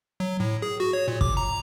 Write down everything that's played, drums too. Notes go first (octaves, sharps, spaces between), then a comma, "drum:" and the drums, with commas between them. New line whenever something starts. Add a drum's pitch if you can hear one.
F#3
A2
G#4
F#4
C#5
A#2
D6, drum: kick
A#5